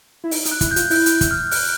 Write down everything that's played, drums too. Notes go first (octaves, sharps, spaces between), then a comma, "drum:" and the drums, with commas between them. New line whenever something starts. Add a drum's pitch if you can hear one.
E4
D#4, drum: open hi-hat
D#4, drum: hi-hat
F#6
E4, drum: kick, hi-hat
G6
F4, drum: hi-hat
E4 G6, drum: open hi-hat
drum: hi-hat
drum: kick, hi-hat
F6
F#6, drum: open hi-hat